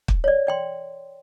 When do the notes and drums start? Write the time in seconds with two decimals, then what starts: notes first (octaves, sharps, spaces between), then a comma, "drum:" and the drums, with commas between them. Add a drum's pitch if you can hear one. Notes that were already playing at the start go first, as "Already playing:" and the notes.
0.08 drum: kick
0.24 C#5 D5
0.47 D5 G5 C6